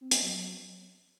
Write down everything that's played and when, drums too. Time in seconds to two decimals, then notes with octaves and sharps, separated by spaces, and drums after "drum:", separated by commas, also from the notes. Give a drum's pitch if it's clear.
0.01 C4
0.11 B3, drum: hi-hat
0.22 F#3
0.34 F#3